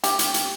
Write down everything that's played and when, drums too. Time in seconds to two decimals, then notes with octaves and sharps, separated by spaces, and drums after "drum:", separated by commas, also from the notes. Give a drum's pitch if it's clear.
0.04 G4, drum: hi-hat
0.19 drum: hi-hat
0.34 drum: hi-hat